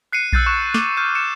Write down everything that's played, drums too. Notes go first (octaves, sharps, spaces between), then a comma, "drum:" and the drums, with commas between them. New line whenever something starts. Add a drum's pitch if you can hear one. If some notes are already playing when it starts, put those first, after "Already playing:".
F#6 C7 C#7 D#7
E6 F#6 G6 A6 C7, drum: kick A#1
C#6 F#6 E7
D6 F#6, drum: snare
F6 G6 D#7
C#7 E7